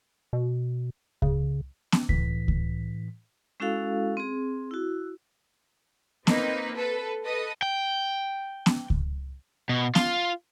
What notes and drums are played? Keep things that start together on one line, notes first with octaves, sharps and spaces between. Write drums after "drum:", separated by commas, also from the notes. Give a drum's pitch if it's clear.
B2
C#3, drum: kick C#2
drum: snare B3
A2 E3 B6, drum: kick C#2
drum: kick C#2
G#3 C#4 E4 F#4 A4 F5
C4 G#4
E4 F#4
A#3 C4 D#4 B4, drum: snare B3
A4 B4
A4 B4 D#5 D#6
G5
drum: snare B3
drum: kick C#2
B2
F4, drum: snare B3